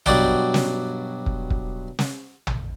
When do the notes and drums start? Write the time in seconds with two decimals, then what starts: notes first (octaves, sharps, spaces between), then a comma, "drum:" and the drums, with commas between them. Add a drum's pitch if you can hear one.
0.06 G2 B2 F#3 D5 F#5 G5, drum: tom
0.54 drum: snare
1.26 drum: kick
1.50 drum: kick
1.99 drum: snare
2.47 drum: tom